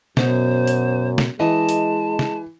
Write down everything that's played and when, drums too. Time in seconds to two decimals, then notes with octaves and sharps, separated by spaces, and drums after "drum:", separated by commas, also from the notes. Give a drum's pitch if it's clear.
0.17 F#2 B2 C5, drum: snare
0.67 drum: open hi-hat
1.18 drum: snare
1.40 E3 G#3 D#5 A5
1.69 drum: open hi-hat
2.19 drum: snare